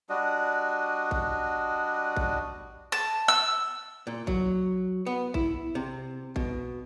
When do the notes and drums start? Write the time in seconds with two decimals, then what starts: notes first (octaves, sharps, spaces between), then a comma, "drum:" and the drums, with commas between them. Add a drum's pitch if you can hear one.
0.09 G3 D4 F#4 D#5
1.11 drum: kick A1
2.17 drum: kick A1
2.92 A5
3.28 E6
4.07 A#2
4.27 F#3, drum: kick A1
5.06 B3
5.34 E4, drum: kick A1
5.75 C3
6.36 B2, drum: kick A1